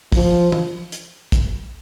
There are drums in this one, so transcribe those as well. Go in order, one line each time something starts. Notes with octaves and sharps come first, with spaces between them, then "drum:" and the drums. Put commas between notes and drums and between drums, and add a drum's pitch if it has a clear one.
F3, drum: kick, open hi-hat
drum: tom
drum: hi-hat
drum: kick, hi-hat